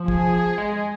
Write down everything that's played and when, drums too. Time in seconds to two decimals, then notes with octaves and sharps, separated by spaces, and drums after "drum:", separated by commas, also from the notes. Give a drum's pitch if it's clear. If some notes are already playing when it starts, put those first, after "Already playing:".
Already playing: F3
0.08 G#4, drum: kick
0.58 G#3